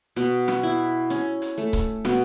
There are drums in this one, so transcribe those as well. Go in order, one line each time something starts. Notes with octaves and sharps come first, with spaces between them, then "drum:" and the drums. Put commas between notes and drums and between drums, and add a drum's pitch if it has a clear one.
B2, drum: hi-hat
drum: snare
E4
C#4, drum: hi-hat
drum: hi-hat
A3
drum: kick C#1, hi-hat
B2, drum: snare